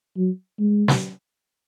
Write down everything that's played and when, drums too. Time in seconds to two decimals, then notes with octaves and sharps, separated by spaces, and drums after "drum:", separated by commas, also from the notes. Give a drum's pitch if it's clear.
0.17 F#3
0.59 G#3
0.88 drum: snare